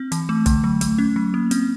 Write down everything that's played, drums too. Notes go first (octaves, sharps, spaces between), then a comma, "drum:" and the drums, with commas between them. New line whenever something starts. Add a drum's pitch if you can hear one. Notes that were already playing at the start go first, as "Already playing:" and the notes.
Already playing: C4
E3, drum: hi-hat
A3
D3, drum: kick, hi-hat
F#3
A3, drum: hi-hat
C#4
F#3
A#3
C4, drum: hi-hat